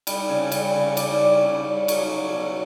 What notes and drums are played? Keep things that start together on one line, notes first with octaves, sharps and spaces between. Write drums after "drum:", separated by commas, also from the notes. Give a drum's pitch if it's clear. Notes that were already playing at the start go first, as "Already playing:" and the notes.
G3, drum: cymbal
C#3
G3, drum: cymbal
C#3
G3 D5, drum: cymbal
G3
C#3
G3
F#3 C#5, drum: cymbal
F#3
B2